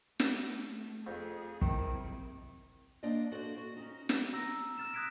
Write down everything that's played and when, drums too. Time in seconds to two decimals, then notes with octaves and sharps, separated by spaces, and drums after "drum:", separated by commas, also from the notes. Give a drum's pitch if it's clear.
0.20 A3, drum: snare
1.07 F2 G#4
1.62 C3 D#3 E4, drum: kick
3.03 A#3 D4 C5 D5 D#5
3.32 F#4 A4 C5 F#5
3.57 F#4
3.77 C#4 D#4
4.09 drum: snare
4.33 A#5 E6 A#6
4.78 F6 A6 E7
4.93 D#6 F#6 G#6 B6 D7 E7